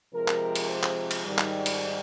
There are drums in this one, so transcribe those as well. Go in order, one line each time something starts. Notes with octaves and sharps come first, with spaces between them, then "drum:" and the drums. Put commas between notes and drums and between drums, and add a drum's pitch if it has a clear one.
C3 F3 G#3 A#4
drum: clap
drum: cymbal
C5
drum: clap
drum: cymbal
G#2 D#3 G3
drum: clap
drum: cymbal